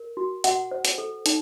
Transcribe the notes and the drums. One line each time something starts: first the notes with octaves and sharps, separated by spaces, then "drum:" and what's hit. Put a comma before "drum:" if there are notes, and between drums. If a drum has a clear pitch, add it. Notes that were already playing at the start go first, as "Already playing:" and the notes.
Already playing: A#4
F#4
F#4 F#5, drum: hi-hat
C5
drum: hi-hat
A4
D#4, drum: hi-hat